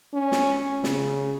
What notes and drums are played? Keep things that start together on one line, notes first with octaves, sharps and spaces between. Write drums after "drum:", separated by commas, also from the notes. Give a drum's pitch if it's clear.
C#4
drum: snare
C#3, drum: snare